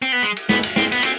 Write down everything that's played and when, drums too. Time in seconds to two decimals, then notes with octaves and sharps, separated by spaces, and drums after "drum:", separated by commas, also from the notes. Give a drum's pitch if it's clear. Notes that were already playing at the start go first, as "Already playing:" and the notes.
0.02 C4
0.12 B3
0.23 G#3
0.36 drum: cymbal
0.49 B3, drum: snare
0.63 drum: cymbal
0.76 C4, drum: snare
0.92 B3, drum: cymbal
1.03 C4, drum: cymbal